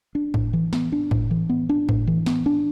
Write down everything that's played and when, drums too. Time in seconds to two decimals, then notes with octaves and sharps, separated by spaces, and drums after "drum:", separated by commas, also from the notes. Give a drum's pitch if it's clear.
0.15 D4
0.34 A2, drum: kick
0.53 E3
0.73 B3, drum: snare
0.92 D4
1.11 A2, drum: kick
1.31 E3
1.49 B3
1.69 D4
1.89 A2, drum: kick
2.07 E3
2.26 B3, drum: snare
2.46 D4